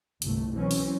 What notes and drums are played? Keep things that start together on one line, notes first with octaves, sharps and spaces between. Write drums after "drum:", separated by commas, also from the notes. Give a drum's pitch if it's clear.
G1 C2 A3, drum: hi-hat
B1 E3 F#3 C4 C#4
drum: open hi-hat